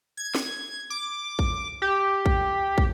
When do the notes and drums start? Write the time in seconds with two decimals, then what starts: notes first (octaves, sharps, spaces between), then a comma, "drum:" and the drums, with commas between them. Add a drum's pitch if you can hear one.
0.17 G#6
0.35 drum: snare
0.90 D6
1.39 drum: kick
1.82 G4
2.26 drum: kick
2.78 drum: kick